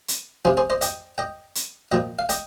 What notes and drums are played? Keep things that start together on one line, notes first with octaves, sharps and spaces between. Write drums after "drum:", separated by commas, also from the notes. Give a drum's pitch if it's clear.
drum: hi-hat
C3 F3 G#4 C5
G#4 C5
C5 D#5
D#5 G5, drum: hi-hat
D#5 G5
drum: hi-hat
A#2 F3 D#5 G5
F5
D#5 G5, drum: hi-hat